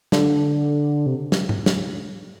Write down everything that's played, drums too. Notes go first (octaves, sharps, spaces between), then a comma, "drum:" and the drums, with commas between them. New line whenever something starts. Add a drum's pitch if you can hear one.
D3, drum: snare
C3
drum: snare
drum: tom G#2
drum: snare